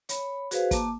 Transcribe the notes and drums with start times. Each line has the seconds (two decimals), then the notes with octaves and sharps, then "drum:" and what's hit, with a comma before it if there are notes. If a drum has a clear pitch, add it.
0.09 C#5 B5, drum: hi-hat
0.51 F#4 G#4 B4 C5 F5, drum: hi-hat
0.71 A#3 A5 D6, drum: kick, hi-hat